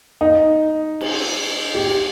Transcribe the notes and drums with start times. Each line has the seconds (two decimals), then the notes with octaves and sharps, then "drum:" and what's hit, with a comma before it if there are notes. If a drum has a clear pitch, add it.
0.21 D#4
1.01 drum: cymbal
1.75 G4